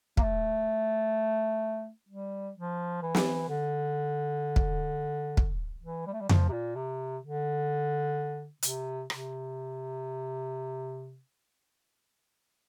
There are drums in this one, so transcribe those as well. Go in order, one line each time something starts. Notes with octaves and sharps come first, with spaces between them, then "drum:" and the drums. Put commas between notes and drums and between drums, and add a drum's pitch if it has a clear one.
A#3, drum: kick
A3
G3
F3
E3
drum: snare
D3
drum: kick
drum: kick
E3
G3
A3
G3
F3, drum: tom F2
C3
A#2
C3
D3
C3, drum: hi-hat
C3, drum: rim click